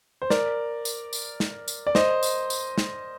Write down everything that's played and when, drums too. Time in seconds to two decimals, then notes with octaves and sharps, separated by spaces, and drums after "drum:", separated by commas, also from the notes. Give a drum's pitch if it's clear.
0.22 C5
0.30 A#4 D5, drum: snare
0.85 drum: tambourine
1.13 drum: tambourine
1.40 drum: snare
1.68 drum: tambourine
1.87 D5
1.95 C5 D#5, drum: snare
2.23 drum: tambourine
2.50 drum: tambourine
2.78 drum: snare